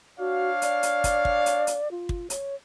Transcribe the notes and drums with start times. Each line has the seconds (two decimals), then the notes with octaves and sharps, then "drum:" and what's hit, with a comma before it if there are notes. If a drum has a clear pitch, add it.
0.19 D4 F#4 C#5 F5
0.62 D5, drum: hi-hat
0.83 drum: hi-hat
1.04 drum: kick, hi-hat
1.25 drum: kick
1.46 drum: hi-hat
1.67 drum: hi-hat
1.91 F4
2.09 drum: kick
2.30 C#5, drum: hi-hat